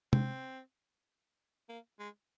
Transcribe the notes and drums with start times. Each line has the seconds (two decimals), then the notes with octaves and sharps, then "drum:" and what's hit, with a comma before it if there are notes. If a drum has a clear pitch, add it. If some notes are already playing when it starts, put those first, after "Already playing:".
0.13 C4, drum: tom
1.69 A#3
1.99 G#3